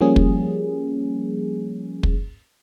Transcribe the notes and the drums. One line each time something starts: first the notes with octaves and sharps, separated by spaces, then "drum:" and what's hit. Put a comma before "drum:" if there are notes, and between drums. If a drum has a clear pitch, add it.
F3 G3 A#3 C#4 G#4
drum: kick
drum: kick